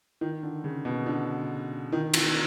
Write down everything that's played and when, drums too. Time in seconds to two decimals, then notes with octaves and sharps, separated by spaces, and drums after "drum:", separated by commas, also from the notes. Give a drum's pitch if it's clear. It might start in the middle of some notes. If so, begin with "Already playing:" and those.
0.21 D#3
0.43 D3
0.64 C#3
0.85 B2
1.06 D3
1.92 D#3
2.14 E3, drum: cymbal